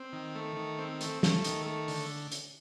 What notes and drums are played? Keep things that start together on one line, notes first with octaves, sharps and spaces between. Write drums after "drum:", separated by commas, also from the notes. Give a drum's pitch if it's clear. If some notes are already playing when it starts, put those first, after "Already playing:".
Already playing: C4
D#3
A3
D#3
C4
A3, drum: hi-hat
A3, drum: snare
D#3, drum: hi-hat
A3
D3, drum: open hi-hat
drum: hi-hat